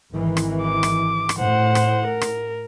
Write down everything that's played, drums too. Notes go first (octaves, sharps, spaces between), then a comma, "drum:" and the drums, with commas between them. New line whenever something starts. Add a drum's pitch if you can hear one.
G#1 D#3 E3
drum: rim click
D6
drum: rim click
drum: rim click
A2 C5 F#5
drum: rim click
A#4
drum: rim click